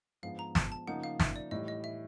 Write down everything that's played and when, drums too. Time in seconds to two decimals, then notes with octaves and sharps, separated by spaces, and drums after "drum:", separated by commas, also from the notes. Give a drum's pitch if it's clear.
0.23 G#2 F3 G#3 B3 D4 F5
0.39 A#5
0.55 A5, drum: snare
0.72 A5
0.87 C#3 F3 A#3 D#4 F#5
1.04 F5
1.20 E5, drum: snare
1.36 D5
1.51 A2 E3 G3 D#5
1.68 D#5
1.84 E5